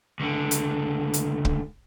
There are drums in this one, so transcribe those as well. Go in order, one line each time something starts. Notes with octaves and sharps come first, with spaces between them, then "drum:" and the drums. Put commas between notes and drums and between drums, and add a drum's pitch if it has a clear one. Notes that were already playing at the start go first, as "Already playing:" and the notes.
C#2 D3
drum: hi-hat
drum: hi-hat
drum: kick